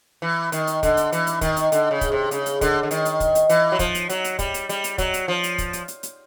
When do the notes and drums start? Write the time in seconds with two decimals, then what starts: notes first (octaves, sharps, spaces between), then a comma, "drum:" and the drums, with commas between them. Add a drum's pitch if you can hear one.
0.22 E3
0.52 D#3, drum: hi-hat
0.67 drum: hi-hat
0.83 D3, drum: kick, hi-hat
0.97 drum: hi-hat
1.12 E3, drum: hi-hat
1.27 drum: hi-hat
1.41 D#3, drum: kick, hi-hat
1.57 drum: hi-hat
1.72 D3, drum: hi-hat
1.91 C#3
2.01 drum: kick, hi-hat
2.12 C3
2.31 C#3, drum: hi-hat
2.46 drum: hi-hat
2.61 D3, drum: kick, hi-hat
2.83 D3
2.91 D#3, drum: hi-hat
3.05 drum: hi-hat
3.20 drum: kick, hi-hat
3.35 drum: hi-hat
3.49 E3, drum: hi-hat
3.72 F#3
3.79 F3, drum: kick, hi-hat
3.95 drum: hi-hat
4.09 F#3, drum: hi-hat
4.24 drum: hi-hat
4.39 G3, drum: kick, hi-hat
4.54 drum: hi-hat
4.69 G3, drum: hi-hat
4.84 drum: hi-hat
4.98 F#3, drum: kick, hi-hat
5.14 drum: hi-hat
5.28 F3
5.43 drum: hi-hat
5.58 drum: kick, hi-hat
5.73 drum: hi-hat
5.88 drum: hi-hat
6.03 drum: hi-hat